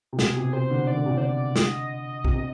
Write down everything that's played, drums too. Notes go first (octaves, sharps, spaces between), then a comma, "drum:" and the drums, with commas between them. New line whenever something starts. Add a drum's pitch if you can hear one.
C3
B2 G#4, drum: snare
C3
C3 C5
D3
D#3 D5
D3
C3
D3 C5
D5
D#5, drum: snare
C3, drum: kick
C3